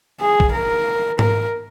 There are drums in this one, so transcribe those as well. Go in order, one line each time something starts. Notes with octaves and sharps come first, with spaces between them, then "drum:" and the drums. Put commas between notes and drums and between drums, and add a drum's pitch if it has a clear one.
G#4
drum: kick A#1
A#4
A#4, drum: tom G#2